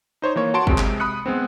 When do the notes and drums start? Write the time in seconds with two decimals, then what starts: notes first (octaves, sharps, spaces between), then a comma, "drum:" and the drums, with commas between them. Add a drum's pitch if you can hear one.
0.22 D#4 C5 C#5
0.36 E3 A#3 C#5
0.54 F#4 A5 C6 D7
0.67 C3 G#3 C4, drum: kick
0.78 drum: clap
1.00 B5 D#6 F#6 C#7
1.26 G#3 B3 C4